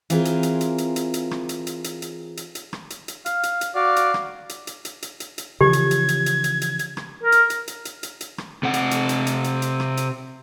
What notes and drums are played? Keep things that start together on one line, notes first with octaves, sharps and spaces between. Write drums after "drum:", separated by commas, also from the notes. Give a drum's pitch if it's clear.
E3 C4 F4 G#4 A#4, drum: hi-hat
drum: hi-hat
drum: hi-hat
drum: hi-hat
drum: hi-hat
drum: hi-hat
drum: hi-hat
drum: rim click
drum: hi-hat
drum: hi-hat
drum: hi-hat
drum: hi-hat
drum: hi-hat
drum: hi-hat
drum: rim click
drum: hi-hat
drum: hi-hat
F5, drum: hi-hat
drum: hi-hat
drum: hi-hat
F#4 D5 F5 D6
drum: hi-hat
drum: rim click
drum: hi-hat
drum: hi-hat
drum: hi-hat
drum: hi-hat
drum: hi-hat
drum: hi-hat
C#3 E3 F3 G4 G#6
drum: hi-hat
drum: hi-hat
drum: hi-hat
drum: hi-hat
drum: hi-hat
drum: hi-hat
drum: hi-hat
drum: rim click
A#4
drum: hi-hat
drum: hi-hat
drum: hi-hat
drum: hi-hat
drum: hi-hat
drum: hi-hat
drum: rim click
C3 F#5
drum: hi-hat
drum: hi-hat
drum: hi-hat
drum: hi-hat
drum: hi-hat
drum: hi-hat
drum: rim click
drum: hi-hat